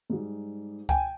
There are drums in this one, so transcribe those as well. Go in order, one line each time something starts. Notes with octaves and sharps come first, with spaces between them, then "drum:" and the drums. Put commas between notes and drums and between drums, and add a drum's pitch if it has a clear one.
G#2 G3
G5 G#5, drum: kick C#2